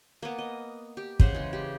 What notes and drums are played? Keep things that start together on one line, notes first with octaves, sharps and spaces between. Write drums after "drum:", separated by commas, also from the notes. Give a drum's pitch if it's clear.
A#3 B3
D#5
G4
C#3 C5 F#5, drum: kick
E3 G#3
G4